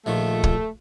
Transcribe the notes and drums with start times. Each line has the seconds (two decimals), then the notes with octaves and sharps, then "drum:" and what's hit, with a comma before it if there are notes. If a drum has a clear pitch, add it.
0.06 A#1 D#3 F3 A3
0.44 drum: kick